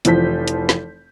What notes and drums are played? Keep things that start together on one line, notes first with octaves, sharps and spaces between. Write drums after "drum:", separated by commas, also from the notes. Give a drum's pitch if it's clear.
F1 E3 F3 G6 B6, drum: hi-hat
drum: hi-hat
drum: snare